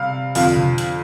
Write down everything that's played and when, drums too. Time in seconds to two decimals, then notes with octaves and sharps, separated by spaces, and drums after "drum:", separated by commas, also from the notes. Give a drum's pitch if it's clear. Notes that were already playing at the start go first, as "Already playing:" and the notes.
Already playing: C3 G3 F5
0.35 F2 D3 F3 F5, drum: open hi-hat
0.57 drum: tom B2
0.78 drum: hi-hat